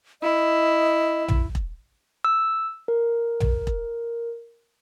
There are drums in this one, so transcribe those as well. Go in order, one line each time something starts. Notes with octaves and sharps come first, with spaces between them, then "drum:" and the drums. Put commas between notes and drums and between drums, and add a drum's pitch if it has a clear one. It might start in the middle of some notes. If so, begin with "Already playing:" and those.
E4 D#5
drum: tom B1
drum: kick E1
E6
A#4
drum: tom B1
drum: kick E1